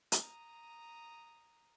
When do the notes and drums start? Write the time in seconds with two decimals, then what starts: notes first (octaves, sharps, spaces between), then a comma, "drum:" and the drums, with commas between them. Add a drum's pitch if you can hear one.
0.12 A#5 D#6, drum: hi-hat